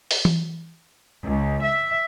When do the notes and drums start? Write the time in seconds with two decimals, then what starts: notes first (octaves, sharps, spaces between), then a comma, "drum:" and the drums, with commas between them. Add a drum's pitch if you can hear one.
0.11 drum: open hi-hat
0.25 drum: tom E3
1.23 C#2
1.61 E5